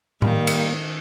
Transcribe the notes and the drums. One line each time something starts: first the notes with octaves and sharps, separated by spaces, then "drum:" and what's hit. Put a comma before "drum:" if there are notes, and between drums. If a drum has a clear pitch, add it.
D#3 G3 A#3, drum: tom A2
drum: cymbal